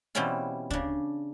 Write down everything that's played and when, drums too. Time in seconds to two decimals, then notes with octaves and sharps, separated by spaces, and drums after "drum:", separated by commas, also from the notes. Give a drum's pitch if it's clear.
0.15 B2 E3 G3 C4 C#4 F4
0.71 C#3 D4, drum: kick